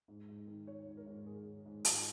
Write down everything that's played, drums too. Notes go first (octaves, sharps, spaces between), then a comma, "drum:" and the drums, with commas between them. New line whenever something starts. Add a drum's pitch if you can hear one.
G#2
G#2
D#3
D#3 C#5
G#2
A#4
G#2
D#3 G#4
D#3
G#2
G#2 F4, drum: hi-hat